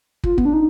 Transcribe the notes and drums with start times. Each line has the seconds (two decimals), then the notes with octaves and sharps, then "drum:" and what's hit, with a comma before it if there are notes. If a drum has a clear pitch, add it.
0.24 F4, drum: kick
0.38 B3, drum: kick
0.45 D4
0.53 D#4